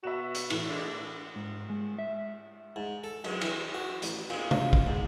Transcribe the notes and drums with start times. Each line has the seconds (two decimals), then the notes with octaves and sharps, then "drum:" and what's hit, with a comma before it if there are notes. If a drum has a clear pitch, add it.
0.04 B2 F#4 E5 E7
0.35 drum: hi-hat
0.50 A2 E3 E4, drum: cymbal
0.69 D3 G#3 D4
1.36 G#2
1.70 G#3
1.99 E5
2.76 G#2
3.04 A4
3.24 F#2, drum: cymbal
3.41 E3, drum: cymbal
3.74 F#4
4.02 A1, drum: hi-hat
4.30 A#2, drum: cymbal
4.51 F4, drum: tom
4.73 drum: kick
4.87 G#2